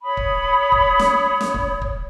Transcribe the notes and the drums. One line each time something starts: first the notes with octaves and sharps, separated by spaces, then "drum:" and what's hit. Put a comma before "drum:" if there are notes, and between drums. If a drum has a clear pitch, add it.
C#5 B5 D#6
drum: kick
drum: kick
drum: snare
drum: snare
drum: kick
drum: kick